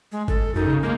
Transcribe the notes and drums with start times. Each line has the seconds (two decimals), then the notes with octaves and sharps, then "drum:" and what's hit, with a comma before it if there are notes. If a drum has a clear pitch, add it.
0.12 G#3
0.28 A4, drum: kick
0.55 F#2 D#4
0.67 C#3
0.83 G#3 A#3